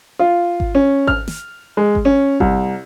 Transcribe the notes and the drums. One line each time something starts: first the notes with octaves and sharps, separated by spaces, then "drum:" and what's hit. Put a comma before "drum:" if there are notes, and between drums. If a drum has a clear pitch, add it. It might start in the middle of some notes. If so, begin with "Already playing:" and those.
F4
drum: kick G#1
C#4
F6, drum: kick G#1
drum: snare
G#3
drum: kick G#1
C#4
C2, drum: kick G#1